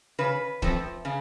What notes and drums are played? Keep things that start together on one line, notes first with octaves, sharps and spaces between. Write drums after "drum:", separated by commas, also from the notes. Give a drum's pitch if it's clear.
C#3 B4
F3 A3 C4, drum: kick
C#3